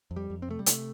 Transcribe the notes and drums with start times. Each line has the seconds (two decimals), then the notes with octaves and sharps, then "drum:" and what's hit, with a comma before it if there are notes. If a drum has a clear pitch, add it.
0.11 F2
0.16 G3
0.30 F2
0.42 C4
0.49 C3 A3
0.59 G3
0.66 C3 A3, drum: hi-hat